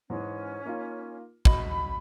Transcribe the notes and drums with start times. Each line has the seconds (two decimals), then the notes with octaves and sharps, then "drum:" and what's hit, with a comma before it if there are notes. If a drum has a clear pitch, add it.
0.10 G#2 E3 G#3 C#4
0.65 A#3 D#4 F4
1.45 F#4 D#5 B5 F#7, drum: kick